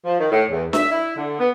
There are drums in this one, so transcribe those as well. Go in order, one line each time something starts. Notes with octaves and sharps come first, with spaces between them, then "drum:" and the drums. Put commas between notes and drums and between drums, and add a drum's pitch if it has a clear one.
F3
D#3
A2
E2
E5, drum: snare D4
E4
D3
B3